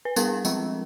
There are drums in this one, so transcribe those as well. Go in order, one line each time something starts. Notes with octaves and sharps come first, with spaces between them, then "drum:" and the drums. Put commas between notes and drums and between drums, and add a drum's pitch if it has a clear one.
B4
G3 B3 D4 G#4 A#4, drum: tambourine
F3 G#3 C4, drum: tambourine